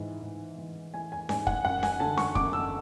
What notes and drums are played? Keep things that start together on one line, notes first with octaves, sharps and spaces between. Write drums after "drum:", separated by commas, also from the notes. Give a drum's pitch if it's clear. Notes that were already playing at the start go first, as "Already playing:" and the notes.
Already playing: G#2 E3
G#2
E3
E3 G#5
G#5
G#2 G#5, drum: snare C#4
F#5, drum: kick
F#2 F#5
G#5, drum: snare C#4
D3 A5
C#6, drum: snare C#4
F#2 D6, drum: kick
E6